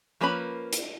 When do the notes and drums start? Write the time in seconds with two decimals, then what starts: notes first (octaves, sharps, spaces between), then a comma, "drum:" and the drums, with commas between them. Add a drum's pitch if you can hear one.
0.21 F3 A#3 C#4 B4 B5
0.73 drum: hi-hat